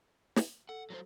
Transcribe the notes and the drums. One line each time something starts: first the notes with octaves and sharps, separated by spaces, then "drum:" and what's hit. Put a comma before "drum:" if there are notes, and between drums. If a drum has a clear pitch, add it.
drum: snare
A4 F#5
F#3 A3 C5